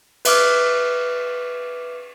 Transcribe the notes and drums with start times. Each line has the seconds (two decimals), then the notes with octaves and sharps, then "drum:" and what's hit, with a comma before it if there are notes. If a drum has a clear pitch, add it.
0.25 B4 E5 D6 F6, drum: cymbal